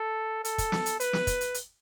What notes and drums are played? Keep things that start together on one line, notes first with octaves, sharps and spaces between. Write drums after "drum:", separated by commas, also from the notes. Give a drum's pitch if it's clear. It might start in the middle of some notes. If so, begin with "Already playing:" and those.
Already playing: A4
A4, drum: hi-hat
drum: kick, hi-hat
drum: snare
drum: hi-hat
B4, drum: hi-hat
drum: snare
drum: kick, hi-hat
drum: hi-hat
drum: hi-hat